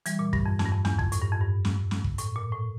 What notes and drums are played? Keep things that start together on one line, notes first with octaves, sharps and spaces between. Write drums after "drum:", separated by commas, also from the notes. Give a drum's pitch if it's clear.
E3 G3, drum: hi-hat
A#2
G2, drum: kick
F2
F2, drum: snare
G2
F2
E2, drum: snare
F2, drum: kick
A2, drum: hi-hat
G2
F2
G2
drum: snare
drum: snare
drum: kick
A2, drum: hi-hat
A#2
A2